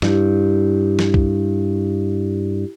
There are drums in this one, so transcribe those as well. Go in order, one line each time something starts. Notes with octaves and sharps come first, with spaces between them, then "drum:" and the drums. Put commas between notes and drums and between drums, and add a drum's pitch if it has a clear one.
G2 E4 G4, drum: snare
drum: snare
drum: kick C2